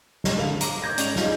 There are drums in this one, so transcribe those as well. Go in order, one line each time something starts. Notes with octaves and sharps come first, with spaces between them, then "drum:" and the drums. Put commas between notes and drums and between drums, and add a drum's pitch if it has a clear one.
C2 G#2, drum: snare
D3 F5 F7
A#5 D6, drum: hi-hat
D6 G6 G#6 A#6
G#2 C#4 D5 F7, drum: hi-hat
D#4 F4 G#4, drum: snare